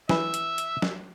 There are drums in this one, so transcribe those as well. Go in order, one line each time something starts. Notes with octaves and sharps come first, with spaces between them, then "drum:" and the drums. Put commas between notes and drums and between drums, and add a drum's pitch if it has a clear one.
E3 B4 E5, drum: snare
drum: hi-hat
drum: hi-hat
drum: snare